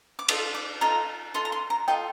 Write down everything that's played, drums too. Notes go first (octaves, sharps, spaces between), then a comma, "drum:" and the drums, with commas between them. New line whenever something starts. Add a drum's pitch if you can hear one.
D6
F4 A4 D#5 D#6, drum: cymbal
D6
F4 A4 D#5 A#5
F4 A4 D#5 C6
A#5
C6
A#5
F4 A4 D#5 G5